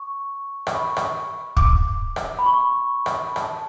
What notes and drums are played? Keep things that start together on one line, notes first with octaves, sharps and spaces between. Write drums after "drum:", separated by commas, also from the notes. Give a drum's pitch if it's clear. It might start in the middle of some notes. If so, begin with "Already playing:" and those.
Already playing: C#6
C#6, drum: rim click
B5
C#6
drum: rim click
D6, drum: kick
drum: rim click
B5
C#6
drum: rim click
B5
A5, drum: rim click